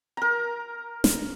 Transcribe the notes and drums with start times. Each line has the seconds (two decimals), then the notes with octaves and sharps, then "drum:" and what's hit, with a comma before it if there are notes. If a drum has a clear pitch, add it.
0.17 A#4 A#5
1.04 drum: snare